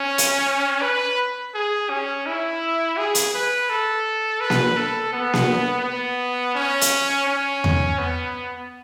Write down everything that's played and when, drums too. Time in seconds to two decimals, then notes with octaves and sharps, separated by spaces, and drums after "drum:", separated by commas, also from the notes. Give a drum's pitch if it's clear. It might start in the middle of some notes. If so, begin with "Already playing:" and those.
Already playing: C#4
0.18 drum: hi-hat
0.82 B4
1.55 G#4
1.90 C#4
2.26 E4
2.97 G#4
3.15 drum: hi-hat
3.34 B4
3.70 A4
4.41 B4
4.50 drum: snare A#3
4.77 A4
5.13 B3
5.34 drum: snare A#3
5.84 B3
6.55 C#4
6.81 drum: hi-hat
7.27 C#4
7.64 drum: tom E2
7.99 B3